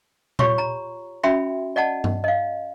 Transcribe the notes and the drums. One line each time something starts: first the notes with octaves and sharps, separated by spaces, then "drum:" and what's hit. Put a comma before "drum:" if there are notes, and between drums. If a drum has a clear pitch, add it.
F4 G4 C#5 C6 C#6, drum: tom A#2
A#5
C#4 F#4 E5 G5 B5 C6
D5 D#5 F#5 A5
drum: tom G2
D#5 F5